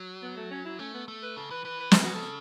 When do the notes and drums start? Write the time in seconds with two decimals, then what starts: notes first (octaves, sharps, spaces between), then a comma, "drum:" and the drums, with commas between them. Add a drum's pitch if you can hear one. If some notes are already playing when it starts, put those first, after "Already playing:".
Already playing: F#3
0.22 B3
0.36 A3
0.51 C#4
0.65 E4
0.79 A3 C#4
0.94 B3
1.08 A3
1.23 B4
1.37 C#3 A4
1.50 E3 B4
1.65 E3 B4
1.80 B4
1.91 C#3 A4, drum: snare
2.03 F#4
2.14 A4